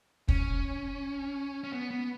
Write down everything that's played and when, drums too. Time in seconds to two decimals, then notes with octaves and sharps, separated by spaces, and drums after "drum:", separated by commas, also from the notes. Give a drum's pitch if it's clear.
0.28 C#4, drum: kick
1.64 C#4
1.73 B3
1.91 B3